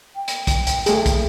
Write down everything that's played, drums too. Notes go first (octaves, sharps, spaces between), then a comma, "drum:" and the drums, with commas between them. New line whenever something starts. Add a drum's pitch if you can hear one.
G5
drum: hi-hat
drum: kick, hi-hat
drum: hi-hat
A3 G#4, drum: hi-hat
drum: kick, hi-hat